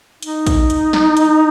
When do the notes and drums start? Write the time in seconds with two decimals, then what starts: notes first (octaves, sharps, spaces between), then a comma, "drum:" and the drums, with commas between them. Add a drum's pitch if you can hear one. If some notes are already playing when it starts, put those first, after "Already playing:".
0.23 D#4, drum: hi-hat
0.47 drum: kick, hi-hat
0.70 drum: hi-hat
0.93 drum: snare
1.17 drum: hi-hat